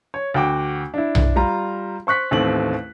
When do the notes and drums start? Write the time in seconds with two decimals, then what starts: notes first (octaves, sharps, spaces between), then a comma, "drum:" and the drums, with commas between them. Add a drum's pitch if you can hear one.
0.14 C#5
0.34 D2 F#4 G5 D6
0.94 D4 E4
1.15 drum: tom B1
1.36 G3 F4 A#5
2.07 C5 C#6 F#6 B6
2.31 A1 D#2 A3 C4 F#7